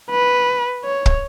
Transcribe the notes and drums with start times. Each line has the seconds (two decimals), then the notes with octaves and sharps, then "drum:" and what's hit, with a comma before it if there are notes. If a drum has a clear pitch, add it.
0.11 B4
0.85 C#5
1.06 drum: kick